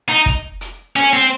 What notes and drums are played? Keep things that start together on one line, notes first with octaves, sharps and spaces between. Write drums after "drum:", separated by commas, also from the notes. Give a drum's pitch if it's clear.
D#4
drum: kick, hi-hat
drum: hi-hat
C#4, drum: open hi-hat
C4